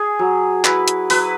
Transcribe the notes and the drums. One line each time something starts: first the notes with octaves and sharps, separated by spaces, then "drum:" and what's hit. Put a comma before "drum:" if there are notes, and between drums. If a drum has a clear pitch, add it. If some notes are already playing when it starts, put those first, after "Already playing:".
Already playing: G#4
F#3
E4 B4, drum: clap
drum: hi-hat
F#3 B4, drum: open hi-hat